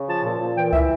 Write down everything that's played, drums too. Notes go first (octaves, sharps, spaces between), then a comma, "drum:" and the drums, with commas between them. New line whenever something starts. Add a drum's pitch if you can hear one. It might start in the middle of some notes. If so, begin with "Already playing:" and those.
Already playing: C#3
F3 A5
A#2
A#2
E3 G5
E3 E5, drum: kick C2